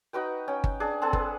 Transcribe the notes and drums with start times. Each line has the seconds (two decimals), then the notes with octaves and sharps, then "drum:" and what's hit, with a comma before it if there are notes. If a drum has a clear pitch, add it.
0.13 D#4 F#4 B4 G5
0.48 C#4 G5
0.64 drum: kick G1
0.80 D4 G#4
1.02 C4 G#4 A4 F#5
1.13 B4, drum: kick G1